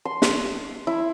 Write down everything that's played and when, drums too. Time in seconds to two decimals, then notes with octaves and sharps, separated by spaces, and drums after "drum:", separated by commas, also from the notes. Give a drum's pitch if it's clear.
0.05 C6
0.22 drum: snare
0.87 E4